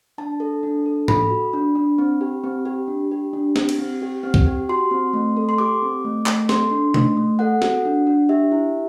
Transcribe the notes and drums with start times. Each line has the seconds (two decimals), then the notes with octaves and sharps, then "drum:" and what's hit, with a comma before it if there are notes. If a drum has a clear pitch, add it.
0.18 D4 A5
0.40 A4
0.63 D4
0.86 A4
1.08 A4 B5, drum: tom A2
1.31 F#4
1.53 D4
1.75 D4
1.98 C4
2.21 G4
2.44 C4
2.65 G4
2.88 D4
3.11 G4
3.33 D4
3.56 G4, drum: snare
3.69 drum: cymbal
3.79 C4
4.02 G4
4.23 C4
4.34 drum: kick
4.46 G4
4.69 F#4 C6
4.91 C4
5.13 A3
5.37 A4
5.49 C6
5.58 G4 D6
5.82 C4
6.05 A3
6.26 A3, drum: clap
6.49 A4 C6, drum: snare
6.71 D4
6.94 A3, drum: tom B2
7.17 A3
7.39 A4 F#5
7.62 F#4, drum: snare
7.85 D4
8.07 D4
8.29 G4 E5
8.52 E4